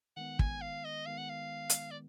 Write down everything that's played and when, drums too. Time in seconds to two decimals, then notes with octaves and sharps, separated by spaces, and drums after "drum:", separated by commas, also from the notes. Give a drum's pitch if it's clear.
0.16 D#3 G#3 B3 F#5
0.39 G#5, drum: kick
0.61 F5
0.85 D#5
1.06 D#3 G#3 B3 F5
1.18 F#5
1.29 F5
1.70 drum: hi-hat
1.91 D5